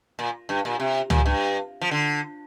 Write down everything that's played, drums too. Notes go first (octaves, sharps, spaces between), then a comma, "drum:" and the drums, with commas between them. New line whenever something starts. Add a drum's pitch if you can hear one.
A#2
G2
A#2
C3
A#2, drum: tom
G2
F3
D3